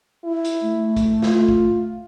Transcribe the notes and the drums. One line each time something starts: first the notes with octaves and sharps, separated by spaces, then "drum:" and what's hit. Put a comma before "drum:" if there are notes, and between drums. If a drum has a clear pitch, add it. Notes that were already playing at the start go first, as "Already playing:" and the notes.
E4
drum: hi-hat
A3
drum: kick, hi-hat
F4, drum: snare
drum: kick